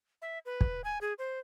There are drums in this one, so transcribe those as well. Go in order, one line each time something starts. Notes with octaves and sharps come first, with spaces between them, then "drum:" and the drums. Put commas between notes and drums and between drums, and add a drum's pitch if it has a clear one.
E5
B4
drum: kick
G#5
G#4
C5